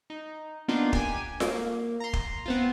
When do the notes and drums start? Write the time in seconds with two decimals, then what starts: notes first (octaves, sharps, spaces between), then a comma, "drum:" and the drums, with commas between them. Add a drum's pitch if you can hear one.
0.10 D#4
0.68 A#3 B3 D4 D#4 F4
0.93 G4 G#5, drum: kick
1.40 A#3, drum: snare F4
2.00 A#5 C6
2.13 drum: kick
2.46 B3 C4 F4